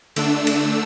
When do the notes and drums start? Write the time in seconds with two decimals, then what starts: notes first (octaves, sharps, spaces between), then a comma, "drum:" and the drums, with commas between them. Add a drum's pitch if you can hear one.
0.16 D3 A3 D4 E6, drum: cymbal
0.47 drum: cymbal